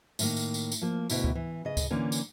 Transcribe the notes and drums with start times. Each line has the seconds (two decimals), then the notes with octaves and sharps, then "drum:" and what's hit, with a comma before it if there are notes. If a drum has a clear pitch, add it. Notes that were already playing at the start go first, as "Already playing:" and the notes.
0.19 A2 D#3 A#3, drum: tambourine
0.37 drum: tambourine
0.54 drum: tambourine
0.72 drum: tambourine
0.81 F3 A#3
1.10 D2 B2 E4, drum: tambourine
1.24 drum: kick
1.35 E3
1.65 C#3 D#5
1.77 drum: kick, tambourine
1.90 D3 E3 A#3 C#4
2.12 drum: tambourine